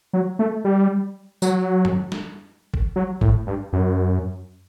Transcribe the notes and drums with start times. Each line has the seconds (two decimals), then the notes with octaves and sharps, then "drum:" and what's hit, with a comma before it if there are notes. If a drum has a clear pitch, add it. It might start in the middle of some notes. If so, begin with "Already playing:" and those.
0.13 F#3
0.39 A3
0.65 G3
1.42 F#3, drum: tambourine
1.85 drum: tom F#2
2.12 drum: snare
2.74 drum: kick
2.96 F#3
3.21 A2, drum: kick
3.47 G2
3.73 F#2